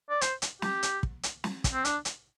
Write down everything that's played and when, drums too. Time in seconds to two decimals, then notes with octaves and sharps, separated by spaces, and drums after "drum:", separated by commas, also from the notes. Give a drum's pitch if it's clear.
0.10 D5
0.21 C5, drum: hi-hat
0.42 drum: hi-hat
0.62 G4, drum: snare
0.83 drum: hi-hat
1.03 drum: kick
1.23 drum: hi-hat
1.44 drum: snare
1.64 drum: kick, hi-hat
1.74 C4
1.85 D4, drum: hi-hat
2.05 drum: hi-hat